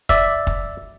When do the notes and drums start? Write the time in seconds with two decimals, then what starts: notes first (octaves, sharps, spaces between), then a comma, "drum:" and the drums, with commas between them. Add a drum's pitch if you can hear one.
0.09 D5 E5, drum: kick
0.47 drum: kick